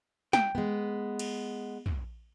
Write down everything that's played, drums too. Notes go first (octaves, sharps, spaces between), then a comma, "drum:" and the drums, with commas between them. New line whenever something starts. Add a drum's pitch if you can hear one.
G5, drum: snare
G#3 B3
drum: cymbal
drum: tom